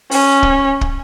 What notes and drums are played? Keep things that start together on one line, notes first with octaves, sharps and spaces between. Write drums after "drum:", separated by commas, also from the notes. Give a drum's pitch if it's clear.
C#4, drum: open hi-hat
drum: kick
drum: kick